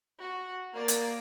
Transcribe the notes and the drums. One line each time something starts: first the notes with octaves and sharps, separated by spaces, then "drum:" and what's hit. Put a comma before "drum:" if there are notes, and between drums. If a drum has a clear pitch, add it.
F#4
A#3 D5
drum: hi-hat